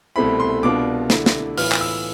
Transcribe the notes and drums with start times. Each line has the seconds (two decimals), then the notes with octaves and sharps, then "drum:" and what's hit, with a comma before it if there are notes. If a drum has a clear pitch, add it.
0.16 C2 B2 A3 C4 E4 B5
0.40 C6
0.63 C2 B2 B3 D4 F4 D6
1.10 D3 A3 E4, drum: snare
1.26 drum: snare
1.58 A2 E3 B3 F4 F6, drum: open hi-hat
1.72 drum: clap
1.81 E6